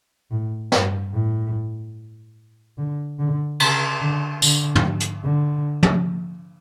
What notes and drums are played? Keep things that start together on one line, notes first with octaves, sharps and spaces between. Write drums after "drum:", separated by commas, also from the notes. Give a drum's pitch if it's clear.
A2
G2, drum: snare
A2
D3
D3
C#3, drum: cymbal
D3
D3, drum: tambourine
drum: tom
drum: hi-hat
D3
drum: tom